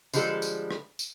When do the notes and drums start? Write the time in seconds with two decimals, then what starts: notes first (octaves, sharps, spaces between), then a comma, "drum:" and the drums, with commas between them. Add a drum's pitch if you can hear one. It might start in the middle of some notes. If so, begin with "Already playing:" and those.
0.13 D3 F3 G3 G#3 A4, drum: tambourine
0.42 drum: tambourine
0.71 drum: rim click
0.99 drum: tambourine